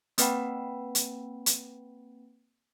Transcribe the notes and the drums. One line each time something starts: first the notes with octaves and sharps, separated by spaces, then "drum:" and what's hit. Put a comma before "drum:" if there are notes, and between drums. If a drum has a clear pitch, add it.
A#3 C4 B4 F#5 G5 B5, drum: hi-hat
drum: hi-hat
drum: hi-hat